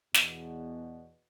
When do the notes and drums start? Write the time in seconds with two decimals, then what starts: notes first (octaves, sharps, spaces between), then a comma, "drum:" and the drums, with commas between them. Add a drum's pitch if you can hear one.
0.14 E2 B2, drum: snare